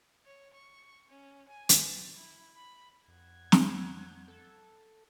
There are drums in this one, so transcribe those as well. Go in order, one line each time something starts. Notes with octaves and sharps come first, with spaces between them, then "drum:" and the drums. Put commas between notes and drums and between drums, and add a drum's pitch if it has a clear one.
C#5
C#6
C#4
G#5
drum: hi-hat
A6
E4
B5
F2 F#5 G#6
drum: snare
A4